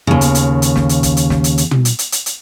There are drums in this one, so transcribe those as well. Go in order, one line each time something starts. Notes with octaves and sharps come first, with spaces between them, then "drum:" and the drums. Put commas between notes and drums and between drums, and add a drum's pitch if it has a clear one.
D#2 C#3
drum: hi-hat
drum: hi-hat
drum: hi-hat
drum: snare
drum: hi-hat
drum: kick, hi-hat
drum: hi-hat
drum: snare
drum: hi-hat
drum: hi-hat
drum: tom
drum: hi-hat
drum: hi-hat
drum: hi-hat
drum: hi-hat